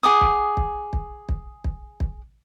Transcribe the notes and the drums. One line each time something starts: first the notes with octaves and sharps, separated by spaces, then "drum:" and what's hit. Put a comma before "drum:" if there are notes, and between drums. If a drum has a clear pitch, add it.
G#4 F#5 D6 D#6
drum: kick
drum: kick
drum: kick
drum: kick
drum: kick
drum: kick